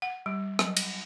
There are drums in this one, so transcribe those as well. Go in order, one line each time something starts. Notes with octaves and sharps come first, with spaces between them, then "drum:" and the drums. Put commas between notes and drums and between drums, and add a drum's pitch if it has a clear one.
F#5
G3
F#3, drum: rim click
drum: cymbal